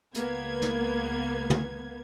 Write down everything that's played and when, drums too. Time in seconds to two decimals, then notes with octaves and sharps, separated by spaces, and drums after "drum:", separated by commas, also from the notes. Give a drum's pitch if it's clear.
0.14 C#2 A#3 B3 G#6, drum: hi-hat
0.62 drum: snare
1.50 drum: tom